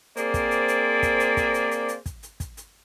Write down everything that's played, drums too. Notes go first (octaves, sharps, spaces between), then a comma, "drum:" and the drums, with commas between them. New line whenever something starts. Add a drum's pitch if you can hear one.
A#3 C4 G#4 C5 D5, drum: hi-hat
drum: kick, hi-hat
drum: hi-hat
drum: hi-hat
drum: kick, hi-hat
drum: hi-hat
drum: kick, hi-hat
drum: hi-hat
drum: hi-hat
drum: hi-hat
drum: kick, hi-hat
drum: hi-hat
drum: kick, hi-hat
drum: hi-hat